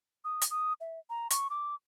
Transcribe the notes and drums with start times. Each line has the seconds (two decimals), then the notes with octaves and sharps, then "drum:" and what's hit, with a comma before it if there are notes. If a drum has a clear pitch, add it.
0.25 D#6
0.42 drum: hi-hat
0.51 D#6
0.81 E5
1.10 A#5
1.30 C#6, drum: hi-hat
1.50 D6